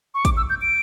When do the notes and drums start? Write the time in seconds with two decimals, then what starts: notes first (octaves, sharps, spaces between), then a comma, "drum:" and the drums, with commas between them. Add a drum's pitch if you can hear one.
0.14 C#6
0.25 D6, drum: kick, hi-hat
0.37 E6
0.50 G6
0.61 D7